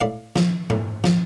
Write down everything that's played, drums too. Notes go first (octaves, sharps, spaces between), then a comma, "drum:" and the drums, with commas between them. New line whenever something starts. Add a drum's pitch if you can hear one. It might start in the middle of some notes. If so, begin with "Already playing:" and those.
A2 D5 F5
F3, drum: snare
A2, drum: tom G#2
F3, drum: snare